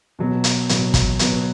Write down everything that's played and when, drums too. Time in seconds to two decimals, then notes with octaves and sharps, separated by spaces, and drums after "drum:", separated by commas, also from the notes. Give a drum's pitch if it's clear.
0.19 B2 F#3 B3
0.44 drum: hi-hat
0.69 B2 F#3 B3, drum: hi-hat
0.94 drum: kick, hi-hat
1.19 B2 F#3 B3, drum: hi-hat